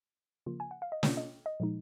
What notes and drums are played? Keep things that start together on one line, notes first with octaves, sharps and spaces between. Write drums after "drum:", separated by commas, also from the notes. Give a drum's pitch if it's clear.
C#3 F3 A#3 F4
G#5
F#5
F5
D#5
B2 A#3 C#4 F4 C#5, drum: snare
D#5
D#5
A#2 F3 G#3 D#4